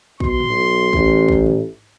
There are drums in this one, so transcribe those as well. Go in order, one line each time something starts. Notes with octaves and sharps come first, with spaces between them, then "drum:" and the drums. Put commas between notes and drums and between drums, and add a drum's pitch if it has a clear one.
B2 C6, drum: kick
drum: tom
B1
A1, drum: kick
drum: kick
drum: tom